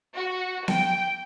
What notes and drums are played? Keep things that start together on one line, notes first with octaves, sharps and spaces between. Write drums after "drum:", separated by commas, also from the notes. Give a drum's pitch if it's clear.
F#4
G5, drum: snare B3